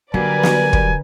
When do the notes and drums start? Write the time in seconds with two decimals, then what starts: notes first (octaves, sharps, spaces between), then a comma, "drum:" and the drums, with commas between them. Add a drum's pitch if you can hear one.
0.14 D3 F#3 G3 A#3 A#4 B4 D5 G#5
0.43 drum: snare
0.73 drum: kick